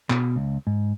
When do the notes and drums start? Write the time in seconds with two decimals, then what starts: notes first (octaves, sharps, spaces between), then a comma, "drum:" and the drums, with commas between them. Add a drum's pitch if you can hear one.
0.10 B2, drum: clap
0.36 C#2
0.67 G#2